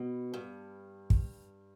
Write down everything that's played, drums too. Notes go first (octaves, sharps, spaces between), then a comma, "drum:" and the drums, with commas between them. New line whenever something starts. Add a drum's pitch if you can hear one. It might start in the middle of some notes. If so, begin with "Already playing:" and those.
Already playing: B2
G2
drum: kick